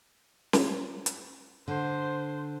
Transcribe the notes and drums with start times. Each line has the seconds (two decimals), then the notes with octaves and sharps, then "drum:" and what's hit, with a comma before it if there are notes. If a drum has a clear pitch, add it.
0.53 drum: snare
1.06 drum: hi-hat
1.68 D3 C5